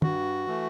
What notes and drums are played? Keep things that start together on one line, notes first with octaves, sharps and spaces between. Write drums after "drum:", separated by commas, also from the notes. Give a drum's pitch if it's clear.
G2 F#4, drum: tom
E3 A3